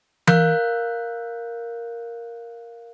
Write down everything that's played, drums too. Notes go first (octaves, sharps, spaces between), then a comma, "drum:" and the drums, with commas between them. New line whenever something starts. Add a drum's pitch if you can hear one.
A#4 F5 F#6 G6, drum: tom E3